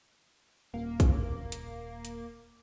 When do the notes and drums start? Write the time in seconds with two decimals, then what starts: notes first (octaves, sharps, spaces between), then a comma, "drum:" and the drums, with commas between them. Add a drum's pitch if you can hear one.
0.74 D#1 A#3
1.00 drum: kick, hi-hat
1.52 drum: hi-hat
2.05 drum: hi-hat